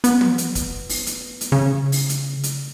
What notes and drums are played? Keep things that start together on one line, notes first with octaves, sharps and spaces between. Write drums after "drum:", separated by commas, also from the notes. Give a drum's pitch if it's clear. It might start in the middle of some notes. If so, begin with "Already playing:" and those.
B3, drum: hi-hat
drum: tom
drum: hi-hat
drum: kick, hi-hat
drum: open hi-hat
drum: hi-hat
drum: hi-hat
C#3
drum: open hi-hat
drum: hi-hat
drum: hi-hat